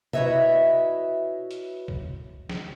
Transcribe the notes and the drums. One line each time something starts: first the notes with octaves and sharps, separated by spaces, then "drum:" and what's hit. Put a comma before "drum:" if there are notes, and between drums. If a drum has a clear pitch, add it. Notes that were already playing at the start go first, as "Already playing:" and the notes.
E4 F#4 B4 C#5 D#5 E5, drum: tom B2
drum: hi-hat
drum: kick
drum: snare